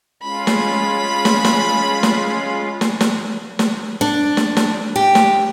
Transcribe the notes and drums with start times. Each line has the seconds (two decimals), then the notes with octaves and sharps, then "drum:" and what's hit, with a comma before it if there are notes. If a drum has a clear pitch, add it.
0.23 G#3 C#4 F4 B5
0.47 drum: snare
1.25 drum: snare
1.45 drum: snare
2.03 drum: snare
2.81 drum: snare
3.01 drum: snare
3.59 drum: snare
4.01 D4
4.37 drum: snare
4.57 drum: snare
4.96 G4
5.15 drum: snare